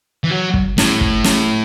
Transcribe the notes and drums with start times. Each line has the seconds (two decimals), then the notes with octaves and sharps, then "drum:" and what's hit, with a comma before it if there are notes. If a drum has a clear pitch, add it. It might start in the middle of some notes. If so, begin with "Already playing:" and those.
0.24 E3
0.31 F#3
0.54 drum: kick
0.78 A2, drum: snare
1.01 drum: kick
1.24 drum: snare